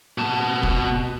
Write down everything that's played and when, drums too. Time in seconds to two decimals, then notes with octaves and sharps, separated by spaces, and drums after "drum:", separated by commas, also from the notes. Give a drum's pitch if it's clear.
0.18 B2 A5
0.63 drum: kick